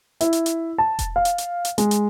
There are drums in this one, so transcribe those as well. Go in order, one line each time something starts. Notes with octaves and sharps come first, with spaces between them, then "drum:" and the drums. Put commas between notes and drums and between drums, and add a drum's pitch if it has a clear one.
E4, drum: hi-hat
drum: hi-hat
drum: hi-hat
A5
drum: kick E1, hi-hat
F5
drum: hi-hat
drum: hi-hat
drum: hi-hat
G#3, drum: hi-hat
drum: hi-hat